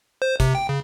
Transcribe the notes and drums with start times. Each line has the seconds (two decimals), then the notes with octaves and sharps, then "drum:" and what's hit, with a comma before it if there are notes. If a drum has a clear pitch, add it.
0.22 C5
0.40 C3, drum: kick, hi-hat
0.55 G5
0.69 C#3